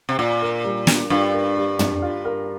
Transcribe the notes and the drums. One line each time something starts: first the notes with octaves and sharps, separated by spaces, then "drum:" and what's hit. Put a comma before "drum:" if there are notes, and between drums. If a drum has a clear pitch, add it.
C3
A#2 F4
A#4
G3
D4, drum: snare
G2 F4
A#4
G3
D4, drum: tom
F4
A#4